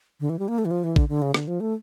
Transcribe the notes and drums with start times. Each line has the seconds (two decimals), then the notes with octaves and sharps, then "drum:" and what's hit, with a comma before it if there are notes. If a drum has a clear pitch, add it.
0.20 D3
0.30 E3
0.39 G3
0.48 A#3
0.58 A3
0.65 E3
0.71 F3
0.84 E3
0.96 D3, drum: kick
1.09 D3
1.22 C#3
1.34 D3, drum: rim click
1.47 F3
1.60 A3